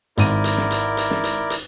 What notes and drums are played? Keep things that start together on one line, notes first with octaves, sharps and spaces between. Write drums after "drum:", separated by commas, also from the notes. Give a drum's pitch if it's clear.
G#1 E4 A#4 D5 D#7, drum: hi-hat
drum: hi-hat
drum: snare
drum: hi-hat
drum: hi-hat
drum: snare
drum: hi-hat
drum: hi-hat